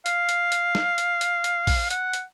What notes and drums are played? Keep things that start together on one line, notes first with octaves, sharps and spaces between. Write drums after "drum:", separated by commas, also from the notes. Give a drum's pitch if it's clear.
F5, drum: hi-hat
drum: hi-hat
drum: hi-hat
drum: snare
drum: hi-hat
drum: hi-hat
drum: hi-hat
drum: kick, open hi-hat
F#5, drum: hi-hat
drum: hi-hat